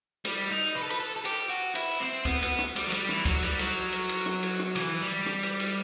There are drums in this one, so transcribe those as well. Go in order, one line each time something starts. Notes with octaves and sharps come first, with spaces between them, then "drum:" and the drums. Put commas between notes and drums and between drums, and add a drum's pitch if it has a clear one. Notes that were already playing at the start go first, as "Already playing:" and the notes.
G3, drum: cymbal
D#4
B4
A4
B4, drum: cymbal
A4
A4
G4, drum: cymbal
F#4
E4, drum: cymbal
C4
B3, drum: kick, cymbal
B3, drum: cymbal
drum: rim click
G3, drum: cymbal
F#3
G3, drum: cymbal
E3, drum: rim click
F#3, drum: kick, cymbal
G3, drum: cymbal
F#3, drum: cymbal
drum: cymbal
drum: cymbal
drum: rim click
drum: cymbal
drum: rim click
E3, drum: cymbal
G3
drum: rim click
drum: cymbal
drum: cymbal